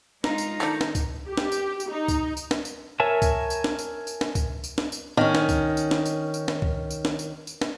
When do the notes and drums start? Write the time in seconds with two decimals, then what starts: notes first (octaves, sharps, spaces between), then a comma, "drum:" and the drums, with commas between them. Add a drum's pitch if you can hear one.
0.24 G#3 D#4 F4 A#5, drum: snare
0.38 drum: tambourine
0.60 D#3 A3 D4 D#4
0.81 drum: snare
0.95 drum: kick, tambourine
1.28 G4
1.37 drum: snare
1.52 drum: tambourine
1.80 drum: tambourine
1.90 D#4
2.08 drum: kick, tambourine
2.37 drum: tambourine
2.51 drum: snare
2.65 drum: tambourine
3.00 A#4 C#5 E5 G#5 A5
3.22 drum: kick, tambourine
3.50 drum: tambourine
3.64 drum: snare
3.79 drum: tambourine
4.07 drum: tambourine
4.21 drum: snare
4.35 drum: kick, tambourine
4.64 drum: tambourine
4.78 drum: snare
4.92 drum: tambourine
5.17 D#3 C#4
5.35 drum: snare
5.49 drum: kick, tambourine
5.77 drum: tambourine
5.91 drum: snare
6.05 drum: tambourine
6.34 drum: tambourine
6.48 drum: snare
6.62 drum: kick
6.91 drum: tambourine
7.05 drum: snare
7.19 drum: tambourine
7.47 drum: tambourine
7.61 drum: snare